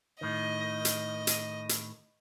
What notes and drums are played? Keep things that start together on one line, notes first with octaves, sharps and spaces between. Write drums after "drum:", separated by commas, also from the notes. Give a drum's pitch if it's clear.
A2 D#3 D#5
drum: hi-hat
drum: hi-hat
drum: hi-hat